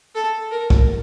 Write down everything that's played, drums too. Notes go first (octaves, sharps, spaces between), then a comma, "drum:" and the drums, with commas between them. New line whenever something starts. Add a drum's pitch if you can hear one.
A4
A#4
drum: kick